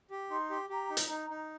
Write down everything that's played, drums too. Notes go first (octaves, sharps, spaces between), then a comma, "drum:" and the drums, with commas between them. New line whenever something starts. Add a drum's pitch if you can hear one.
G4
D#4 C6
G4
G4 A#5
D#4
A#5, drum: hi-hat
D#4
A#5
D#4